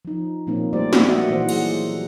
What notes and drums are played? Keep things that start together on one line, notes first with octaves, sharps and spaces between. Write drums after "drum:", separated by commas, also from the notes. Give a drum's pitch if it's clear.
F3 D#4
A#2 F3 A#3 C4 C#4 D#4
G3 A3 G4 C5 D5
drum: snare
A#3 F#4 D#5 E5 F#5
A#2 E3 E4 C5 F#5
F#3 G#4 F#5, drum: cymbal